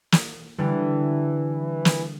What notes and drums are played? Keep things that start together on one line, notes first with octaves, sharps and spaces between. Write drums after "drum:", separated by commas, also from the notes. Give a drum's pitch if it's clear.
drum: snare
D3 E3 G3
drum: snare